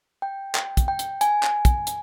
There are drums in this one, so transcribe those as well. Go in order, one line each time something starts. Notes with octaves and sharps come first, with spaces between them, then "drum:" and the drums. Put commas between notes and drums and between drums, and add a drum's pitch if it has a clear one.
G5
G5, drum: clap
drum: kick, hi-hat
G5
drum: hi-hat
G#5, drum: hi-hat
drum: clap
drum: kick, hi-hat
drum: hi-hat